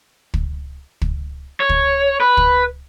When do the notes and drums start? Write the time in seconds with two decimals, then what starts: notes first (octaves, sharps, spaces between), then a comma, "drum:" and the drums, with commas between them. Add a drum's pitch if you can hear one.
0.34 drum: kick
1.02 drum: kick
1.60 C#5
1.69 drum: kick
2.20 B4
2.37 drum: kick